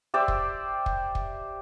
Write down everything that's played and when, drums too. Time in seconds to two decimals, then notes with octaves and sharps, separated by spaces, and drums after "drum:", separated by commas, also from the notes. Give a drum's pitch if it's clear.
0.14 G4 C5 D5 E5
0.28 drum: kick
0.86 drum: kick
1.15 drum: kick